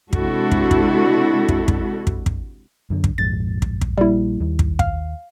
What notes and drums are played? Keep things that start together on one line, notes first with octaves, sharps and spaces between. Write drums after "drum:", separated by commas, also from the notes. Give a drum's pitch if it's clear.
C3 G#3 D4 E4 F#4 A4, drum: kick
drum: kick
drum: kick
drum: kick
drum: kick
drum: kick
drum: kick
F#2 D3
drum: kick
A#1 F2 G#2 A6
drum: kick
drum: kick
A#1 G3 A#3 E4
D#2
drum: kick
F5, drum: kick